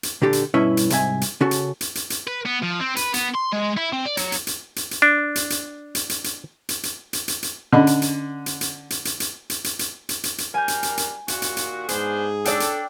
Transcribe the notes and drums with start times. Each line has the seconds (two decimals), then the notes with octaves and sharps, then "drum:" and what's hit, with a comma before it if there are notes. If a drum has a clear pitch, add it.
0.03 drum: hi-hat
0.22 A#2 D3 G4 A4
0.33 drum: hi-hat
0.54 G2 B2 C#4 E4 B4 E5
0.77 drum: hi-hat
0.90 C2 G#2 E5 G#5, drum: hi-hat
1.21 drum: hi-hat
1.41 C#3 C#4 F#4 A4
1.51 drum: hi-hat
1.81 drum: hi-hat
1.95 drum: hi-hat
2.10 drum: hi-hat
2.27 B4
2.46 B3
2.63 F3
2.80 C4
2.96 B4, drum: hi-hat
3.14 B3, drum: hi-hat
3.35 C6
3.53 G#3
3.77 E4
3.93 C4
4.05 D5
4.17 F#3, drum: hi-hat
4.32 drum: hi-hat
4.47 drum: hi-hat
4.76 drum: hi-hat
4.91 drum: hi-hat
5.02 D4
5.36 drum: hi-hat
5.50 drum: hi-hat
5.95 drum: hi-hat
6.09 drum: hi-hat
6.24 drum: hi-hat
6.69 drum: hi-hat
6.83 drum: hi-hat
7.13 drum: hi-hat
7.28 drum: hi-hat
7.43 drum: hi-hat
7.73 D3 C#4 D#5 B5
7.87 drum: hi-hat
8.02 drum: hi-hat
8.46 drum: hi-hat
8.61 drum: hi-hat
8.90 drum: hi-hat
9.05 drum: hi-hat
9.20 drum: hi-hat
9.50 drum: hi-hat
9.64 drum: hi-hat
9.79 drum: hi-hat
10.09 drum: hi-hat
10.24 drum: hi-hat
10.38 drum: hi-hat
10.54 G3 D4 A#4 G#5 G6
10.68 drum: hi-hat
10.83 drum: hi-hat
10.97 drum: hi-hat
11.28 D#2 A#2 F#4, drum: hi-hat
11.42 drum: hi-hat
11.57 drum: hi-hat
11.89 G#2 B3 D4 G#4 C5, drum: hi-hat
12.45 D4 A4 D5 G5, drum: hi-hat
12.60 drum: hi-hat